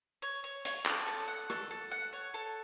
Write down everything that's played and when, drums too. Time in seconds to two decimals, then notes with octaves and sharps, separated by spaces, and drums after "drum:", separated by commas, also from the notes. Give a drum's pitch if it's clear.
0.22 C#5
0.44 C#5
0.65 C#5, drum: hi-hat
0.86 A4, drum: clap
1.08 A4
1.28 F#5
1.50 A4, drum: rim click
1.71 A4
1.91 F#5
2.13 C#5
2.34 A4